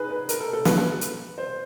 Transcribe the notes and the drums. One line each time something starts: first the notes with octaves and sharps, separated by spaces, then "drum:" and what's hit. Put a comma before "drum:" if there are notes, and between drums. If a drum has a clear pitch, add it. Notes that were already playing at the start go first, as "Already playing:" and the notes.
Already playing: D#4 G#4 B4
B4
A#4, drum: hi-hat
A4
A4
B4, drum: snare
drum: hi-hat
C5